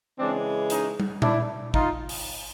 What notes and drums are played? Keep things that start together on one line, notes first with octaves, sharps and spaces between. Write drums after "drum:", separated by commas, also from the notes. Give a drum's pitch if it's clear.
C#3 E3 G#3 C4 D4
C#4 D#4, drum: hi-hat
drum: tom
D4 E4, drum: tom A#2
D#4 F4, drum: kick G#1
drum: open hi-hat